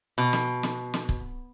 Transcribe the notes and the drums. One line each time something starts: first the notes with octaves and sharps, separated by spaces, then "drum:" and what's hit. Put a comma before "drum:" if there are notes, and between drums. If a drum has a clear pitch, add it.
B2
drum: snare
drum: snare
drum: snare
drum: kick